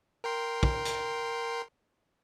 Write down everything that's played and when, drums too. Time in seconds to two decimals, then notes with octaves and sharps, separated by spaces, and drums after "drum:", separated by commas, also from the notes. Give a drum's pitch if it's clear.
0.24 A#4 G5 C6
0.63 drum: kick
0.85 drum: hi-hat